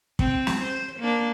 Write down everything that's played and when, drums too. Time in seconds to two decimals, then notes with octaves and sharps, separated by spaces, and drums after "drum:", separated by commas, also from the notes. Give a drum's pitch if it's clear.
0.19 C4, drum: kick
0.47 drum: snare
0.63 C5
1.00 A#3 D4